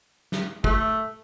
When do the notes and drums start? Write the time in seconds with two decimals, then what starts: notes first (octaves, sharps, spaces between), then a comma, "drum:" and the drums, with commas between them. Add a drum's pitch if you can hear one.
0.32 drum: snare
0.64 A3, drum: kick